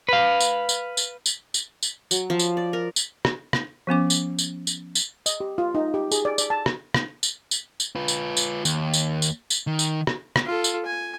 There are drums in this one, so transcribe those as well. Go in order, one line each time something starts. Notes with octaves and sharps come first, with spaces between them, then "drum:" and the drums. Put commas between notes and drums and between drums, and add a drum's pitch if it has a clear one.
B4 F5
drum: tambourine
drum: tambourine
drum: tambourine
drum: tambourine
drum: tambourine
drum: tambourine
F#3, drum: tambourine
F3
drum: tambourine
D5
A#4
drum: tambourine
drum: rim click
drum: rim click
F3 B3 C#4 D6
drum: tambourine
drum: tambourine
drum: tambourine
drum: tambourine
D#5, drum: tambourine
G4
F4
D#4
G4
G#4, drum: tambourine
D5
D5, drum: tambourine
A5
drum: rim click
drum: rim click
drum: tambourine
drum: tambourine
drum: tambourine
F4 B4
drum: tambourine
drum: tambourine
D#2, drum: tambourine
drum: tambourine
drum: tambourine
drum: tambourine
D#3
drum: tambourine
drum: rim click
drum: rim click
F4 A4
drum: tambourine
G#5